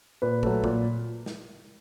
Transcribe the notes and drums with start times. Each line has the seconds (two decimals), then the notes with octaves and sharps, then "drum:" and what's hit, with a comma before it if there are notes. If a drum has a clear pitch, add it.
0.22 A#2 B4
0.43 F#3 A3, drum: kick
0.64 A#2, drum: kick
1.26 drum: snare